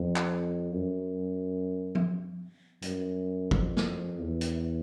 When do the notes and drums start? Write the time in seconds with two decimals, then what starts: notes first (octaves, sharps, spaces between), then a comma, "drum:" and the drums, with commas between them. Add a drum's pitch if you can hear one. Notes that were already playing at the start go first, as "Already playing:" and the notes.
Already playing: F2
0.16 drum: clap
0.74 F#2
1.95 drum: tom F3
2.82 F#2, drum: hi-hat
3.51 F2, drum: kick
3.77 drum: snare
4.20 E2
4.41 drum: hi-hat